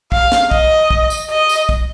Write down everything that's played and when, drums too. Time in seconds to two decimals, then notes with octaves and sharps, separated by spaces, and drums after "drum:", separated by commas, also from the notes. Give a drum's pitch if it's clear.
0.12 F5, drum: kick
0.32 drum: snare
0.51 D#5, drum: kick
0.91 drum: kick
1.10 drum: tambourine
1.30 D#5
1.49 drum: tambourine
1.69 drum: kick